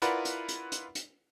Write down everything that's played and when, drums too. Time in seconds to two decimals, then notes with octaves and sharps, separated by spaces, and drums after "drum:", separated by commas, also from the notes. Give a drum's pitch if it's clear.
0.02 E4 F4 A#4 B4 D5 F#5, drum: hi-hat
0.25 drum: hi-hat
0.48 drum: hi-hat
0.72 drum: hi-hat
0.95 drum: hi-hat